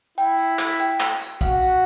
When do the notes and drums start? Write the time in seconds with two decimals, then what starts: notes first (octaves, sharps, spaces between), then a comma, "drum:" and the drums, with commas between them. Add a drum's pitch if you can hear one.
0.18 E4 G5, drum: tambourine
0.38 drum: tambourine
0.59 drum: clap
0.80 G5, drum: tambourine
1.00 drum: clap
1.21 drum: tambourine
1.41 F#4 F5, drum: kick, tambourine
1.62 drum: tambourine